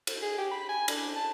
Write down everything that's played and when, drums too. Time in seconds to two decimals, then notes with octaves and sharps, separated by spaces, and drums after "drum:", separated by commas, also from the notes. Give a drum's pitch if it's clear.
0.07 drum: cymbal
0.22 G#4
0.38 G4
0.51 B5
0.69 G#5
0.88 D4, drum: cymbal
1.16 A5